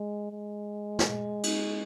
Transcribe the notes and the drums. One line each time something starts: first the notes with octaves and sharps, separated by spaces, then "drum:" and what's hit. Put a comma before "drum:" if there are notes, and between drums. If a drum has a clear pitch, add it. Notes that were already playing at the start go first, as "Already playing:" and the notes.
Already playing: G#3
G#3
drum: snare
drum: cymbal